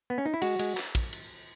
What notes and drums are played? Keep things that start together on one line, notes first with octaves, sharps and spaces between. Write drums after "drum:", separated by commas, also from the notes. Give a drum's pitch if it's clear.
B3
C#4
D#4
E4
G#3 F#4, drum: cymbal
G#3, drum: cymbal
drum: clap
drum: kick, cymbal
drum: cymbal